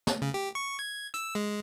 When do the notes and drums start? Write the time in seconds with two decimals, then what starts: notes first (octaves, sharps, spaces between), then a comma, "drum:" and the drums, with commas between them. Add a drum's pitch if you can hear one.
0.07 drum: snare
0.22 C#3
0.34 G4
0.55 C#6
0.79 G#6
1.14 E6, drum: hi-hat
1.35 G#3